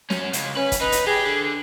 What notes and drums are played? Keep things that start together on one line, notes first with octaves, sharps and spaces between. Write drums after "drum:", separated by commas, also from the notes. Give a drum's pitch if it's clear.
C#4 F#4, drum: snare
C#2, drum: hi-hat
C#4 B4
drum: kick, hi-hat
D#4 B4
drum: hi-hat
G4 G#4
D3